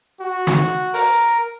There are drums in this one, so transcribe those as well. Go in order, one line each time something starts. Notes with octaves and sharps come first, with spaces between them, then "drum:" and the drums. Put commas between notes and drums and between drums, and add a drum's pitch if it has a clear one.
F#4
drum: snare
A#4, drum: open hi-hat